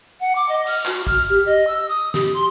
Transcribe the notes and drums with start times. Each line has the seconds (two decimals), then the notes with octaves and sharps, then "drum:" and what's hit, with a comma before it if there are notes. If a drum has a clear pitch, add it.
0.20 F#5
0.35 D6
0.49 D#5
0.67 F6, drum: open hi-hat
0.86 F#4, drum: clap
1.07 F6, drum: kick
1.29 G4
1.46 D#5
1.67 E6
1.88 D#6
2.14 G4, drum: snare
2.34 C6